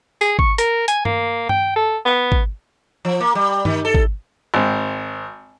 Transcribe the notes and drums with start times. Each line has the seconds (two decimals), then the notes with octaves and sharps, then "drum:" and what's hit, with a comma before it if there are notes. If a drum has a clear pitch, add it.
0.21 G#4, drum: tambourine
0.39 C#6, drum: kick
0.58 A#4, drum: hi-hat
0.88 G#5, drum: hi-hat
1.05 A#3, drum: tom G2
1.49 G5, drum: tom G2
1.76 A4
2.06 B3
2.32 drum: kick
3.05 F3
3.20 A#3
3.35 G3
3.65 D#3, drum: tom G2
3.85 A4
3.95 drum: kick
4.54 G#1 C4